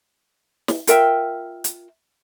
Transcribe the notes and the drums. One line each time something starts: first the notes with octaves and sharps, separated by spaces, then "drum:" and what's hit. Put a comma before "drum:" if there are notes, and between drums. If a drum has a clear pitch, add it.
drum: snare
F4 A#4 E5 G5, drum: hi-hat
drum: hi-hat